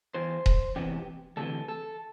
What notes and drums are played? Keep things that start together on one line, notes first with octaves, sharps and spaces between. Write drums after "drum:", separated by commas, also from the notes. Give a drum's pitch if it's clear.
E2 E3 C5
drum: kick D#1
E2 C3 E3 G4
D2 C3 E3 A4
A4